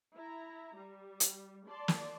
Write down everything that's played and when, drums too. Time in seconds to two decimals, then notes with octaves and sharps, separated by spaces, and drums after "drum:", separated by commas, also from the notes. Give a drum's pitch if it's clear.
0.15 E4 A#5
0.77 G3
1.20 drum: hi-hat
1.68 D5 A5 C6
1.88 drum: snare